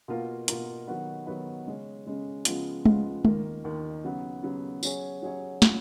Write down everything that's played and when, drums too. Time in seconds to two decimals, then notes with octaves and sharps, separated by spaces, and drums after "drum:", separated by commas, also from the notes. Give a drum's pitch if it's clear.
0.08 B2 A#3 F4 A#4
0.48 B2 A#3 F4 A#4, drum: hi-hat
0.87 D#3 F#3 B3 F#4 B4
1.27 D#3 F#3 B3 F#4 B4
1.66 C#3 G#3 C#4
2.06 C#3 G#3 C#4
2.45 C#3 F3 G#3 B3 F4, drum: hi-hat
2.85 C#3 F3 G#3 B3 F4, drum: tom G#3
3.25 D#2 D#3 A#3, drum: tom G#3
3.64 D#2 D#3 A#3
4.04 C#3 F#3 B3
4.43 C#3 F#3 B3
4.83 F#3 C#4 G#4 C#5, drum: tambourine
5.22 F#3 C#4 G#4 C#5
5.62 F#3 C#4 F4, drum: snare